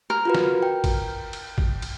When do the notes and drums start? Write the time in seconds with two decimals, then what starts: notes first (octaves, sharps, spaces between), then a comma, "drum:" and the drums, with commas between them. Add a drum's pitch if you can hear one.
0.10 A#4
0.25 F4 F#4 B4
0.35 drum: snare
0.63 G5
0.84 drum: kick G#1, cymbal
1.33 drum: cymbal
1.58 drum: kick G#1
1.82 drum: cymbal